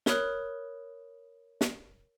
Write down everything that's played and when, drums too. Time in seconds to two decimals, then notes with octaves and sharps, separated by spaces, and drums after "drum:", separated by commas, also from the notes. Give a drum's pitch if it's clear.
0.06 A#4 C#5 B5 D#6 F6 F#6, drum: snare
1.61 drum: snare